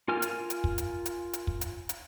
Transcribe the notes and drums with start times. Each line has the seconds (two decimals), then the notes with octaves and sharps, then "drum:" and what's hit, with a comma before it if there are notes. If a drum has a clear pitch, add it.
0.08 F4 A#4 G#5 F6
0.22 drum: hi-hat
0.50 drum: hi-hat
0.64 drum: kick
0.78 drum: hi-hat
1.06 drum: hi-hat
1.33 drum: hi-hat
1.47 drum: kick
1.61 drum: hi-hat
1.89 drum: hi-hat